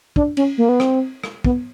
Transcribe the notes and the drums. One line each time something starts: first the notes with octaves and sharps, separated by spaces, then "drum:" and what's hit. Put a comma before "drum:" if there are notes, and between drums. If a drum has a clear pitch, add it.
D4, drum: kick
C#4, drum: cymbal
A#3
B3
C4, drum: rim click
drum: rim click
B3, drum: kick